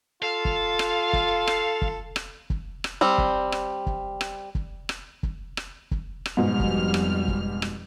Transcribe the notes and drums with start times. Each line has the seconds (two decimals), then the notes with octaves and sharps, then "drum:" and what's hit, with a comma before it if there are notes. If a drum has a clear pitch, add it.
0.22 F4 A4 F5
0.45 drum: kick
0.79 drum: rim click
1.13 drum: kick
1.47 drum: rim click
1.82 drum: kick
2.16 drum: rim click
2.50 drum: kick
2.84 drum: rim click
3.01 G3 C4
3.18 drum: kick
3.52 drum: rim click
3.86 drum: kick
4.21 drum: rim click
4.55 drum: kick
4.89 drum: rim click
5.23 drum: kick
5.57 drum: rim click
5.91 drum: kick
6.26 drum: rim click
6.37 F2 G#2 B2 G3 F6
6.60 drum: kick
6.94 drum: rim click
7.28 drum: kick
7.62 drum: rim click